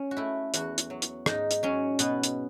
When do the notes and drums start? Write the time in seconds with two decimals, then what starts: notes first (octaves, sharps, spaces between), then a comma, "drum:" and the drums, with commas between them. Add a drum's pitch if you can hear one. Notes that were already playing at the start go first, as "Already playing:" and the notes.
Already playing: C#4
0.11 F#4
0.17 A3 E4
0.54 E2 F#4, drum: hi-hat
0.78 drum: hi-hat
0.90 F#3
1.02 drum: hi-hat
1.26 G#2 D#4, drum: rim click
1.51 drum: hi-hat
1.63 F#3 C#4
1.99 B2 B3, drum: hi-hat
2.24 drum: hi-hat